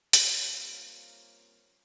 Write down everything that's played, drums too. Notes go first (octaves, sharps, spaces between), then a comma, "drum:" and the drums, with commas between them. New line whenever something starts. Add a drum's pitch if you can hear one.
G3 A#3 C4 C#4 F4 F5, drum: hi-hat